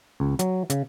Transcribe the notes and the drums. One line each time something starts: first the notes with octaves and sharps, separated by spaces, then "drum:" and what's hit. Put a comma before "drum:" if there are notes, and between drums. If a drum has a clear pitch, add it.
C#2
F#3, drum: hi-hat
C#3, drum: hi-hat